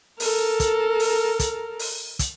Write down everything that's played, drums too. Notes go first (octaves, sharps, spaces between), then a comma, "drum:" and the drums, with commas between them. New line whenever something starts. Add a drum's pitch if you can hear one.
A4 A#4, drum: open hi-hat
drum: kick, hi-hat
drum: open hi-hat
drum: kick, hi-hat
drum: open hi-hat
drum: kick, hi-hat